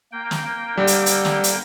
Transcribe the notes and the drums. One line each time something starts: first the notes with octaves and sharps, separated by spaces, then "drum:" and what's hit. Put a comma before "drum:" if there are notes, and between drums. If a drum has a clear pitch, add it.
A#3 G5
drum: snare
D3 G3
drum: hi-hat
drum: hi-hat
drum: snare
drum: hi-hat